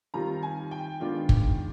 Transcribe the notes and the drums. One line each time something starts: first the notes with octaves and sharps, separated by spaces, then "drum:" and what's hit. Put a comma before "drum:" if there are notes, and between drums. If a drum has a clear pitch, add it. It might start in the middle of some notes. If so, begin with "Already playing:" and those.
D#3 G3 C4 F4 A#5
G#5
G5
D#3 G#3 B3 D4 F4
drum: kick